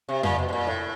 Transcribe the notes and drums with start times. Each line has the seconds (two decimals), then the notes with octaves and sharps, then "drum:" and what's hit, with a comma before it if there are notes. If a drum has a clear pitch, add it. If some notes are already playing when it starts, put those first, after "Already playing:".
0.09 C3
0.23 A#2, drum: tom F2
0.39 B2
0.49 B2
0.53 A#2
0.67 A2